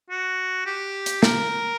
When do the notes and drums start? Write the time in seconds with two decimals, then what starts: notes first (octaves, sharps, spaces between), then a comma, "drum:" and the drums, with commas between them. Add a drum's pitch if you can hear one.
0.10 F#4
0.66 G4
1.06 drum: hi-hat
1.23 A#4, drum: snare